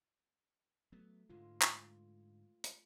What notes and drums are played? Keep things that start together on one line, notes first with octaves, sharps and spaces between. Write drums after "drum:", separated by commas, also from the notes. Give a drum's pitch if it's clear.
F#3 A3 B3
G#2 D3 G#3 F4
drum: clap
drum: hi-hat